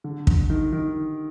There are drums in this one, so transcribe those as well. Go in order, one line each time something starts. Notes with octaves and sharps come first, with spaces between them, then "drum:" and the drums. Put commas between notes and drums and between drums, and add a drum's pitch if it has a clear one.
D3
drum: kick
D#3
D#3